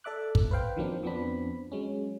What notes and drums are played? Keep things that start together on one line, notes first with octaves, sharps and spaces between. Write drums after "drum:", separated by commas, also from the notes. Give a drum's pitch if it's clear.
A4 D5 E5 D6 F#6
drum: kick
B4 C5 F5 G5
D#3 F3 F#3 A#3 C4 D4
F2 F3 B3 C4 D4 B5
F#3 G#3 C#4